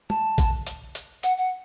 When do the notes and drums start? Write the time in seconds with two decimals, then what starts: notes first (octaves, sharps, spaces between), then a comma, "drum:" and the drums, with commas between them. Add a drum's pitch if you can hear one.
0.10 A5, drum: tom
0.38 drum: kick A1, hi-hat
0.67 drum: hi-hat
0.95 drum: hi-hat
1.23 F#5, drum: hi-hat
1.38 F#5